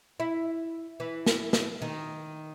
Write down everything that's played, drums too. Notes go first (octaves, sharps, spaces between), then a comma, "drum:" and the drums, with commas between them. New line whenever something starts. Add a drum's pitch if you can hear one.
E4
E3
drum: snare
drum: snare
D#3